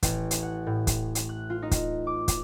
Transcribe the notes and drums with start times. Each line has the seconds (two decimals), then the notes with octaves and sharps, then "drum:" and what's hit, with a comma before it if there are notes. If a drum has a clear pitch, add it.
0.03 A1, drum: kick, hi-hat
0.31 drum: hi-hat
0.42 F#5
0.66 A2
0.87 drum: kick, hi-hat
1.15 drum: hi-hat
1.29 F#6
1.50 F4
1.62 D#4
1.71 drum: kick, hi-hat
2.07 D6
2.28 drum: kick, hi-hat